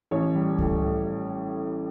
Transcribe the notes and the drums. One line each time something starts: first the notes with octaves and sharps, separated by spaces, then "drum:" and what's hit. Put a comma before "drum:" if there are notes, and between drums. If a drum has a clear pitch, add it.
A1 C#5
G3
A2, drum: kick C#2
A2